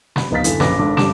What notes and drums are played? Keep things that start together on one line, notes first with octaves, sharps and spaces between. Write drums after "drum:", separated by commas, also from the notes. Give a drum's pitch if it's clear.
B5, drum: snare
D1 B3 D#4 F5 A6 B6
F#1 D3 E3, drum: hi-hat
A#1 F#2 C#4 B4 D6 A#6, drum: snare
G#1 D4 A4 D6
G1 C#3 G3 A5 D6 E7, drum: snare